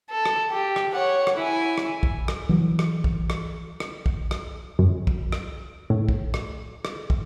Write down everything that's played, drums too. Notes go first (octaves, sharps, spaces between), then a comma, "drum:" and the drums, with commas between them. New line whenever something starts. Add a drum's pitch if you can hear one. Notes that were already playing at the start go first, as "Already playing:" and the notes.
A4
drum: rim click
G4
drum: rim click
C#5 F#5
drum: rim click
E4 G#5
drum: rim click
drum: kick
drum: rim click
E3 F#3
drum: rim click
drum: kick
drum: rim click
drum: rim click
drum: kick
drum: rim click
F#2
drum: kick
drum: rim click
A2
drum: kick
drum: rim click
drum: rim click
drum: kick